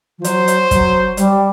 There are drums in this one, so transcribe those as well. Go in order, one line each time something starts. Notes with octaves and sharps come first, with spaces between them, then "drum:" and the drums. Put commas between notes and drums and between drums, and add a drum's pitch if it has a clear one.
F3
F#3 C5, drum: hi-hat
drum: hi-hat
F#3, drum: kick, hi-hat
G3, drum: hi-hat